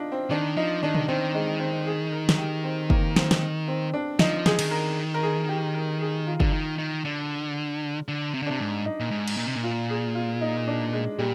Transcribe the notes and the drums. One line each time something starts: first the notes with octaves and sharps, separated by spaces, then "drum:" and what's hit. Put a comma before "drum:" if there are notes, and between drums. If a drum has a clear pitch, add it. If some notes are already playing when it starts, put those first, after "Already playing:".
Already playing: D4 D#4 F4
C4
D#3 D4
F3 D#4
D#3 D4
drum: tom B2
D#3 C4
G#3
C4
G#4
A#4
drum: snare
G4
C4
A#3, drum: kick
C4, drum: snare
drum: snare
C4
D4
F3 D#4, drum: snare
G#4, drum: snare
D#3, drum: cymbal
A#4
A#4
G#4
G4
A#4
G#4
F4
D3, drum: kick
D#3
D#3
D3
D3
C3
D3
C3 D4
G#2
D#4
A#2
G#2
drum: cymbal
A#2
C3
A#2
F4
G#4
F4
D#4
D4
G#3
A#2 G3